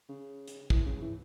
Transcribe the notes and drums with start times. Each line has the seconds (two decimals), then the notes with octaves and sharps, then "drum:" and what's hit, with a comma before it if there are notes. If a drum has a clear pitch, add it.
0.09 C#3
0.48 drum: hi-hat
0.70 E3, drum: kick
0.86 C#3
1.02 E3